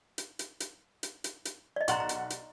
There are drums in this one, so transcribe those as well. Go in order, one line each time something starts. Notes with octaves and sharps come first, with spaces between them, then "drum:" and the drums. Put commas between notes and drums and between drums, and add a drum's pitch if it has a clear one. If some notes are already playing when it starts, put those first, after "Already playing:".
drum: hi-hat
drum: hi-hat
drum: hi-hat
drum: hi-hat
drum: hi-hat
drum: hi-hat
D5 D#5
B1 F#5 A#5 C6 C#6 A6, drum: hi-hat
A#5
drum: hi-hat
drum: hi-hat